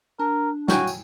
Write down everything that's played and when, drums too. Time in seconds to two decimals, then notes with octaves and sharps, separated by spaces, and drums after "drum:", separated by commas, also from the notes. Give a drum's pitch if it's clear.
0.19 D4 A#4
0.68 F#3 F#4 G5 G#5, drum: snare
0.87 drum: tambourine